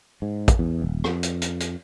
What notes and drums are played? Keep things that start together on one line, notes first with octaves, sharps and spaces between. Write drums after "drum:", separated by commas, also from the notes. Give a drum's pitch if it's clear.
G#2
drum: kick, hi-hat
E2
D#1
F2, drum: rim click
drum: hi-hat
drum: hi-hat
drum: hi-hat